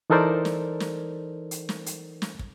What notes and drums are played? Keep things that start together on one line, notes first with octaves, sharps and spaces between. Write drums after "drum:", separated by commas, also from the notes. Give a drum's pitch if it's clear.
E3 D#4 A4 A#4 C5 D5
drum: snare
drum: snare
drum: hi-hat
drum: snare
drum: hi-hat
drum: snare
drum: kick